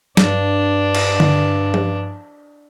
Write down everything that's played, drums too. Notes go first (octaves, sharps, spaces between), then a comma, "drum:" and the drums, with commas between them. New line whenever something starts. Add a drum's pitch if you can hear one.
G2 D4, drum: snare
drum: cymbal
drum: tom D3
drum: tom F3